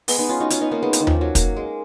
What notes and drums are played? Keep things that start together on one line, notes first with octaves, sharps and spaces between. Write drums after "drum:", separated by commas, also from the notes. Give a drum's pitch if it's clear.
G#3 B3, drum: open hi-hat
B3 D#4
C#4 F4
D#4 F#4
C#4 F4, drum: hi-hat
B3 D#4
A#3 C#4
G#3 B3
A#3, drum: hi-hat
D#3
F3, drum: tom D#2
F#3
A#3, drum: kick, hi-hat
G#3